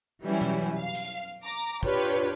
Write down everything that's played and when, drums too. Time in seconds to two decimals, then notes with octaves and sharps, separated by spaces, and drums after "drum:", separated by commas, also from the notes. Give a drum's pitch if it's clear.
0.23 E3 F#3 G3 C#4 E4
0.41 drum: tom B2
0.78 F5
0.95 drum: hi-hat
1.44 A#5 D6
1.83 D4 F4 G4 B4 C#5, drum: kick